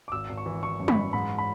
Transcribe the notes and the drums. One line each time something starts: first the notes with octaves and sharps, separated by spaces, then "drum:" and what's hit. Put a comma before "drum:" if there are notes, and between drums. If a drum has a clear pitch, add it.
D6
G#1 E6
G#1
C#6
E3
E3 C#6
F#2
B5, drum: tom
E3
G#2 B5
B5